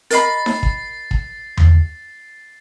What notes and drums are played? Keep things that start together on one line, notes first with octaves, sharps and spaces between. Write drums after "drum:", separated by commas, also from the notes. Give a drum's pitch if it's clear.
A#4 D#5 B5 A6 C7, drum: hi-hat
drum: snare D#4
drum: kick
drum: kick
drum: tom E2